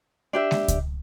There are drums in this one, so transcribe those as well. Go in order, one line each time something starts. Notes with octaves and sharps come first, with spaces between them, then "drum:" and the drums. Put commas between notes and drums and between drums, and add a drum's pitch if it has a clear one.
D4 G4 E5
drum: snare G#3
drum: kick C#2, hi-hat